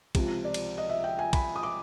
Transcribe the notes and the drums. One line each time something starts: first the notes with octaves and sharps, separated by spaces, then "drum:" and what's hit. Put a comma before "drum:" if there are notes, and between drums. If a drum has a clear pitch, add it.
C#2 C3 F3, drum: kick, cymbal
D5
drum: cymbal
D#5
E5
G5
G#5
B5, drum: kick, cymbal
D#6
D6